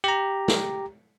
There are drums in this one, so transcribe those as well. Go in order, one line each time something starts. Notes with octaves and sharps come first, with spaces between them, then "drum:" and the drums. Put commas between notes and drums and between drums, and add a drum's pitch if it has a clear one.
G4 A#5
drum: snare